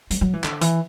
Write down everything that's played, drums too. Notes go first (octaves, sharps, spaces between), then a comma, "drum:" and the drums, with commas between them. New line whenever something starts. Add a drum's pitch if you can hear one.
F#3, drum: hi-hat
F#3
E3
D3, drum: clap
E3, drum: hi-hat